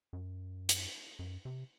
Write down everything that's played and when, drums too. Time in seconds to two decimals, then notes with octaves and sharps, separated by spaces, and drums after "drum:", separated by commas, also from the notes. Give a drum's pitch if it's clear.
0.13 F#2
0.69 drum: hi-hat
1.19 F#2
1.45 C3